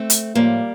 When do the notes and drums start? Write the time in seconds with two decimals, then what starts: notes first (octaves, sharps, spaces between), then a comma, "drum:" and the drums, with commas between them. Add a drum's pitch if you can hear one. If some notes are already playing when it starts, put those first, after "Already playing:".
Already playing: A3 C4
0.10 drum: hi-hat
0.35 A2 F3 G3 A#3